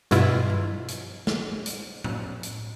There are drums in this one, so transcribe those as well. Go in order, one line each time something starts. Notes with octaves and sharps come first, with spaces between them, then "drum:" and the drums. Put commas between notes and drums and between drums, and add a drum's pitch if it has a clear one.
G2 B2 E4 F4, drum: hi-hat
drum: tom F3
drum: hi-hat
drum: snare
drum: hi-hat
drum: tom A2
drum: hi-hat